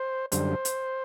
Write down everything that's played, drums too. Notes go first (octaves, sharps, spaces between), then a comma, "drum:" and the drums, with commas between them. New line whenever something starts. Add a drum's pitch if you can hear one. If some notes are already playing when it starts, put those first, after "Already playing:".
Already playing: C5
F#2 D3 G3 C5, drum: hi-hat
drum: hi-hat